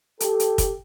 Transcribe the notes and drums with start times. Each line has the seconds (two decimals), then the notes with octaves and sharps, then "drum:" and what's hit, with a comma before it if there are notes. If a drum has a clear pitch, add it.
0.20 G4 A4, drum: hi-hat
0.40 drum: hi-hat
0.58 drum: kick, hi-hat